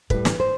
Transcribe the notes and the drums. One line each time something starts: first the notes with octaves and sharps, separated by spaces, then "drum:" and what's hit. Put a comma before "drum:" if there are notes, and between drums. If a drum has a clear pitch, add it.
A2 G3 B4, drum: kick
drum: snare
C5